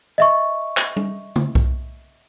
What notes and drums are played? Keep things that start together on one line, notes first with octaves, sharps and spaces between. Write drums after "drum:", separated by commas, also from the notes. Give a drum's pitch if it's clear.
D#5 E5 C#6
drum: clap
drum: tom G3
drum: tom C#3
drum: kick B1